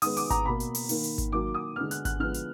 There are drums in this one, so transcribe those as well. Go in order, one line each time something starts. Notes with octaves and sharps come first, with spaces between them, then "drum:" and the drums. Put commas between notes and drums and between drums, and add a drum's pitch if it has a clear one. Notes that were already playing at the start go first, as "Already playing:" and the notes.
D#3 G#3 B3 D#6, drum: open hi-hat
D6, drum: hi-hat
A#5, drum: kick G#1, hi-hat
B2 A#3 B5
drum: hi-hat
drum: open hi-hat
D#3 A#3, drum: open hi-hat
drum: hi-hat
drum: kick G#1, hi-hat
D#3 F#3 A#3 D6
D#6
D3 G#3 B3 F6
F#6, drum: hi-hat
F#6, drum: kick G#1, hi-hat
D3 F3 G#3 B3 F6
drum: hi-hat